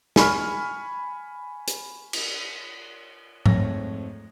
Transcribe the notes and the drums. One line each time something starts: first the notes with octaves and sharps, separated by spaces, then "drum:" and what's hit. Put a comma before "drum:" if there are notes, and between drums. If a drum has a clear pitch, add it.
G#5 B5 C#6 F6, drum: snare
drum: hi-hat
drum: cymbal
F2 G#2 A3 C#5 A#6, drum: tom G#2